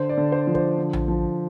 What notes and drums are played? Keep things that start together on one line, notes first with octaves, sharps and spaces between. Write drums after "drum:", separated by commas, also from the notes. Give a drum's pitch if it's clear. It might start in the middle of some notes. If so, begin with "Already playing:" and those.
Already playing: D3 C5
D5
D3
C5
F3
C5, drum: kick
D3
drum: tom A#1
F3